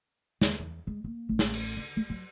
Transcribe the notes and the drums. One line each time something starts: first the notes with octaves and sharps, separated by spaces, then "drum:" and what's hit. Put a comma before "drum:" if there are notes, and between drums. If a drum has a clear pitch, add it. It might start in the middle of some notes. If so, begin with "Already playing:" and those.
D#2, drum: snare
E2
G#3
A#3
A1
drum: snare
drum: cymbal
D3
G#3
F#3